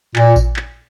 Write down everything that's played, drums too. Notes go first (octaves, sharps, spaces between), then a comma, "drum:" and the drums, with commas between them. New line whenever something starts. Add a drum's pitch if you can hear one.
A#2, drum: clap
drum: kick A1, tambourine
drum: clap